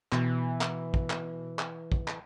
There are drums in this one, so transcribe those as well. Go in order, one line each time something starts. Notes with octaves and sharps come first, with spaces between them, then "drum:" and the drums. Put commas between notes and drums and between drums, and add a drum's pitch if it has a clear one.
B2 E3, drum: clap
drum: clap
drum: kick
drum: clap
drum: clap
drum: kick
drum: clap